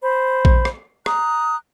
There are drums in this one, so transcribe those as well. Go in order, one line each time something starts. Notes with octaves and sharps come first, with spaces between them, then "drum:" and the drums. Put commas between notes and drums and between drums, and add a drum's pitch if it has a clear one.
C5 B5
drum: kick A#1
drum: rim click
A#5 D#6 F#6, drum: rim click